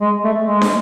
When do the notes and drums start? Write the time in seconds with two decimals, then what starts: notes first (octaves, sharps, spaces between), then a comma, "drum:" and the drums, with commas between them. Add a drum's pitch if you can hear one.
0.01 G#3
0.24 A3
0.47 G#3
0.62 drum: snare